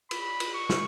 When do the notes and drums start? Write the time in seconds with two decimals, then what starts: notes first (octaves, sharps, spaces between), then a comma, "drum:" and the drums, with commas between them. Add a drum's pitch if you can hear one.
0.11 B5, drum: cymbal
0.40 drum: cymbal
0.54 C#6
0.69 drum: snare